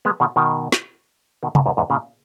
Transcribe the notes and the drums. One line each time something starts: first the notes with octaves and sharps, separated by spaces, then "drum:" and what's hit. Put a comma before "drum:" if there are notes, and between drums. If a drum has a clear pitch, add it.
G#3 B3
B2 D#3
B2 D#3
drum: snare
B2 D#3
G#2 B2, drum: tom C3
E2 G#2
E2 G#2
A#2 C#3